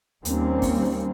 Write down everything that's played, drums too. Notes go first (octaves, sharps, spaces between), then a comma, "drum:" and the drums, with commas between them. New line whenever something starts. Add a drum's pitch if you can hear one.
D#2 G3 A#3 C4 C#4, drum: hi-hat
drum: kick, open hi-hat